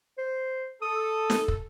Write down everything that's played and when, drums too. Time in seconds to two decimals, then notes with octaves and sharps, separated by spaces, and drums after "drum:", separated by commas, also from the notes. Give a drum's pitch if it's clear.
0.18 C5
0.82 A4 D#6
1.30 drum: snare
1.48 drum: kick